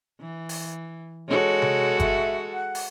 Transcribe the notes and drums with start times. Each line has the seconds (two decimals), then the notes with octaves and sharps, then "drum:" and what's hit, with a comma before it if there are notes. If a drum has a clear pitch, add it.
0.21 E3
0.49 drum: open hi-hat
1.28 G#3 F#4 A4 C#5
1.62 drum: tom C3
2.00 E5, drum: kick G1, hi-hat
2.53 F#5
2.75 drum: open hi-hat